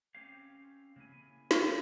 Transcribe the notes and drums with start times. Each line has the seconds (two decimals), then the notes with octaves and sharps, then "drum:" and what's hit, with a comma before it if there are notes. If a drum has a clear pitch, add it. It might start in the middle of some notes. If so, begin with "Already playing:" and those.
0.15 C4 C#4 G4 C5 C#5 F5
0.96 C#3 A#3 E4 G#5
1.51 drum: snare